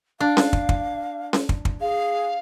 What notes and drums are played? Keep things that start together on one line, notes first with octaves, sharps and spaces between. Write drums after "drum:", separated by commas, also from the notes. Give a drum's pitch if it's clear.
D4 F5
drum: snare C#4
drum: kick
drum: kick
drum: snare C#4
drum: kick
drum: kick
G#4 F5